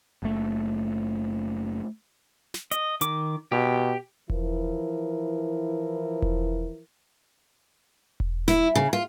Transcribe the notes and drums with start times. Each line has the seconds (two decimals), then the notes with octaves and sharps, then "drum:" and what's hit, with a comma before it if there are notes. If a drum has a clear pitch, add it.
0.22 F#1 A3
2.54 drum: snare
2.71 D#5, drum: hi-hat
3.01 D#3 D6, drum: hi-hat
3.52 B2 G4
4.30 E3 F3 E4 A#4, drum: kick E1
6.22 drum: kick E1
8.20 drum: kick E1
8.48 E4, drum: snare
8.75 C#3
8.93 F4